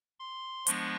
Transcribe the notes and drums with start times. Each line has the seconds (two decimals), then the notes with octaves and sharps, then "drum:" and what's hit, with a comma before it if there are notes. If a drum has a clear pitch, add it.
0.19 C6
0.67 F3 G#3 B3 D4 C#6, drum: hi-hat